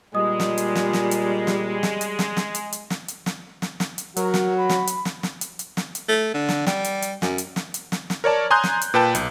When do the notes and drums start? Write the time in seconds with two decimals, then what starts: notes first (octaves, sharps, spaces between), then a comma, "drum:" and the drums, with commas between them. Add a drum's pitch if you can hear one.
0.14 A#2 G3 G#3 D#5 D#6
0.40 drum: snare
0.58 drum: hi-hat
0.75 drum: snare
0.93 drum: snare
1.11 drum: hi-hat
1.47 drum: snare
1.83 drum: snare
2.01 drum: hi-hat
2.19 drum: snare
2.37 drum: snare
2.55 drum: hi-hat
2.72 drum: hi-hat
2.90 drum: snare
3.08 drum: hi-hat
3.26 drum: snare
3.62 drum: snare
3.80 drum: snare
3.98 drum: hi-hat
4.17 F#3 F#4 A#4, drum: hi-hat
4.34 drum: snare
4.58 B5
4.70 drum: snare
4.87 drum: hi-hat
5.05 drum: snare
5.23 drum: snare
5.41 drum: hi-hat
5.59 drum: hi-hat
5.77 drum: snare
5.95 drum: hi-hat
6.09 A3
6.34 D3
6.49 drum: snare
6.67 G3, drum: snare
6.84 drum: hi-hat
7.02 drum: hi-hat
7.22 F#2, drum: snare
7.38 drum: hi-hat
7.56 drum: snare
7.74 drum: hi-hat
7.92 drum: snare
8.10 drum: snare
8.24 A#4 C#5 D5 A5
8.51 G#5 A#5 C6 D#6 F#6 G6
8.64 drum: snare
8.81 drum: hi-hat
8.94 A#2 B4 G5 A5
9.15 B1, drum: hi-hat